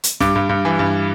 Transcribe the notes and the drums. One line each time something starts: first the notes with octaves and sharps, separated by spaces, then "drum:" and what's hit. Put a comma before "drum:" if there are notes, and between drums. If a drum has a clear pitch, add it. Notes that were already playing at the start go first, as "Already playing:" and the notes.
drum: hi-hat
G2 D6, drum: snare
G2
G2
E3
G2